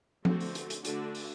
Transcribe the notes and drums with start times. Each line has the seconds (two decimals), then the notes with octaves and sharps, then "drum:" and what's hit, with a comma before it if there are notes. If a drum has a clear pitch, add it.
0.25 D3 A3 C4 F#4, drum: tom F3
0.40 drum: open hi-hat
0.55 drum: hi-hat
0.70 drum: hi-hat
0.85 D3 A3 D4 F#4, drum: hi-hat
1.15 drum: open hi-hat